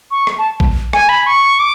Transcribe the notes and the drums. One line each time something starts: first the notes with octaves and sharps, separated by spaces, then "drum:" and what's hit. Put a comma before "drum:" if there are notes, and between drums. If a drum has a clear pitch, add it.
C#6
drum: rim click
A5
drum: kick A#1
G#5, drum: rim click
B5
C#6
D6